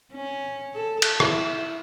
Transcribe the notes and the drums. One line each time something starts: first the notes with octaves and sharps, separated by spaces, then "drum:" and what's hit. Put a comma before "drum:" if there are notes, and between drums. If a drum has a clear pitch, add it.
C#4
A4
drum: cymbal
E4, drum: rim click